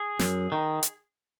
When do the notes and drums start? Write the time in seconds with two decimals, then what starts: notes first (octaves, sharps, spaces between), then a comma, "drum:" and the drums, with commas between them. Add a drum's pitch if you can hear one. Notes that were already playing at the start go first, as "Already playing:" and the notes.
Already playing: G#4
0.19 F#2, drum: snare
0.52 D#3
0.83 drum: hi-hat